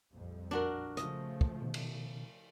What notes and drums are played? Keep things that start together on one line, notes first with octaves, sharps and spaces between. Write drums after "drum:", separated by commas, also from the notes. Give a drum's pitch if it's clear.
A#1 F2 G3
D4 F#4 A#4
C#3 F3 A3 D#5, drum: hi-hat
drum: kick
B2 D#3
drum: cymbal